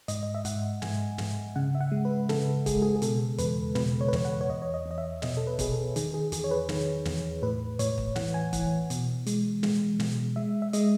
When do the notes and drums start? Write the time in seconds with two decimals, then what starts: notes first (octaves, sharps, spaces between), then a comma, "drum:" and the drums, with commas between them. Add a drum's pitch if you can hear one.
0.08 G#2 D#5, drum: hi-hat
0.23 D#5
0.35 E5
0.45 G#2 F#5, drum: hi-hat
0.82 G#2 G#5, drum: snare
1.18 G#2, drum: snare
1.56 C#3 F#5
1.75 E5
1.81 F#5
1.92 G#3
2.05 B4
2.29 C#3 A4, drum: snare
2.66 G#3 G#4, drum: kick, hi-hat
2.82 G#4
2.96 G#4
3.02 B2 A4, drum: hi-hat
3.38 E2 B4, drum: hi-hat
3.75 B2 B4, drum: snare
4.01 C#5
4.08 B4
4.13 E2 C#5, drum: snare
4.25 F#5
4.41 C#5
4.49 E2 D#5
4.62 C#5
4.74 D#5
4.86 E2
4.91 D#5
4.98 E5
5.22 B2 D#5, drum: snare
5.37 A4
5.47 B4
5.59 B2 G#4, drum: kick, hi-hat
5.72 A4
5.96 D#3 G#4, drum: hi-hat
6.14 G#4
6.32 E2 G#4, drum: hi-hat
6.44 C#5
6.51 B4
6.69 D#3, drum: snare
7.05 E2, drum: snare
7.42 A2 B4
7.79 A2 C#5, drum: hi-hat
7.98 drum: kick
8.16 E3 F#5, drum: snare
8.34 G#5
8.53 E3 F#5, drum: kick, hi-hat
8.90 B2, drum: hi-hat
9.26 G#3, drum: hi-hat
9.63 G#3, drum: snare
10.00 B2, drum: snare
10.36 G#3 E5
10.62 E5
10.73 G#3 D#5, drum: hi-hat